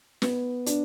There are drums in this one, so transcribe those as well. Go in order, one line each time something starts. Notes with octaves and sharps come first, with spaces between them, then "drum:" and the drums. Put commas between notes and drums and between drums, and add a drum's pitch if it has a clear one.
B3, drum: snare
D4, drum: hi-hat